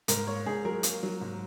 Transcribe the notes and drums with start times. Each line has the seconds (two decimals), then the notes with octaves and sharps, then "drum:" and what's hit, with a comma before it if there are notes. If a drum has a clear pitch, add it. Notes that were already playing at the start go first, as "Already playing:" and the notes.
0.08 G#2 A#4, drum: hi-hat
0.27 A#3 C#5
0.46 G#2 G#4
0.65 F#3 A#4
0.83 A#3, drum: hi-hat
1.03 F#3
1.21 G#2